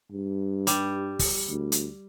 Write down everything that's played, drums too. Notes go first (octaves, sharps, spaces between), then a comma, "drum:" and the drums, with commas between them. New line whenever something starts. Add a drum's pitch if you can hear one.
G2
G3, drum: hi-hat
drum: kick, open hi-hat
D2
drum: hi-hat